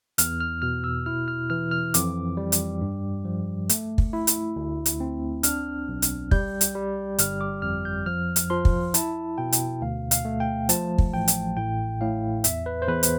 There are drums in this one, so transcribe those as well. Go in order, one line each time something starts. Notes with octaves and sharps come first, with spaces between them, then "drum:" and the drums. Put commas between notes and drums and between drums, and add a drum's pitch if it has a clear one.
E2 F6, drum: hi-hat
F6
B2 F6
E6
E4 F6
F6
E3 F6
F6
F2 D6, drum: hi-hat
G3
drum: hi-hat
G2
F3
A3, drum: hi-hat
drum: kick
E4
drum: hi-hat
D2
drum: hi-hat
C4
D4 F6, drum: hi-hat
B1
drum: hi-hat
G3 G6, drum: kick
drum: hi-hat
G3
G1 F6, drum: hi-hat
D6
F2 F6
G6
F3 F6
drum: hi-hat
F3 C6
drum: kick
E4 A5, drum: hi-hat
B2 G5
drum: hi-hat
D2 F5
F5, drum: hi-hat
A3
G5
F3 A5, drum: hi-hat
drum: kick
A1 G5
drum: hi-hat
A2 G5
A2 F5
E2 E5, drum: hi-hat
B4
C5
E2 B4
drum: hi-hat